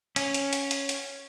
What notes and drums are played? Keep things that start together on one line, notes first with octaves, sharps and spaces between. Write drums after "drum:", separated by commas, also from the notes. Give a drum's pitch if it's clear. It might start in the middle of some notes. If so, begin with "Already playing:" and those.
C#4, drum: hi-hat
drum: hi-hat
drum: hi-hat
drum: hi-hat
drum: hi-hat